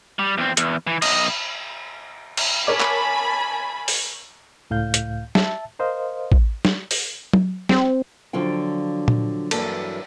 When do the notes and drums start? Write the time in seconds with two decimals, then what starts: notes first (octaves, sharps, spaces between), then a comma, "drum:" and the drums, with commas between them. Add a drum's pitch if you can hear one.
0.19 G3
0.38 E2 C4
0.57 E2, drum: hi-hat
0.87 E3
1.02 B1 D#5, drum: cymbal
2.37 drum: cymbal
2.67 A#4 C#5 G#5 A5 B5 D6
2.80 drum: clap
3.88 drum: open hi-hat
4.70 C#2 A2 F5 G6
4.94 drum: hi-hat
5.35 E5 A5, drum: snare
5.79 A#4 C5 D#5 F5
6.32 drum: kick A1
6.65 drum: snare
6.91 drum: open hi-hat
7.33 drum: tom F#3
7.69 C4, drum: snare
8.33 D3 F3 F#3 F4 G5
9.08 drum: tom A#2
9.51 G2 E3 F#3 A#3 A4, drum: cymbal